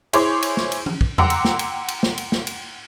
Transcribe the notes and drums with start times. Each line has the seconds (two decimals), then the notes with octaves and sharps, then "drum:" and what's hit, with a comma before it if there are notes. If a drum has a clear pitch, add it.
0.13 E4 G#4 C5 C#5 C6 D6, drum: cymbal
0.42 drum: cymbal
0.57 drum: snare
0.72 drum: cymbal
0.86 drum: tom E3
1.01 drum: kick
1.18 F#5 G5 A#5 C6 D6 E6, drum: tom E2
1.30 drum: cymbal
1.45 drum: snare
1.59 drum: cymbal
1.88 drum: cymbal
2.03 drum: snare
2.18 drum: cymbal
2.32 drum: snare
2.47 drum: cymbal